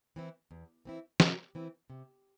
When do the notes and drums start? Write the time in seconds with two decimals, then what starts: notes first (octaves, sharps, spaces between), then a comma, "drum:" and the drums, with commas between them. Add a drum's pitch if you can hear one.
0.16 E3 C4 E4
0.51 E2
0.85 E3 C4 E4
1.20 C3, drum: snare
1.55 E3 C4 E4
1.90 C3